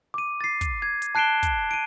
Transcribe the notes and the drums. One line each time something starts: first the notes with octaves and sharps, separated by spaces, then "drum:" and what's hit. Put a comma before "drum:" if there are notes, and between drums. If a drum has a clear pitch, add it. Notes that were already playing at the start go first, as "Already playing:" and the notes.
D6 D#7
A6 C7
drum: kick, hi-hat
G#6
drum: hi-hat
A5 F#6 C7 D7 E7 G7
drum: kick, hi-hat
D7 D#7